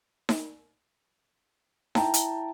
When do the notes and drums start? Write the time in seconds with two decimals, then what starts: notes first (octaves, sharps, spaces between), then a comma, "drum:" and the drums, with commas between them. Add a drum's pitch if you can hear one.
0.29 drum: snare D#4
1.95 E4 G5 A5 A#5, drum: snare D#4
2.14 drum: hi-hat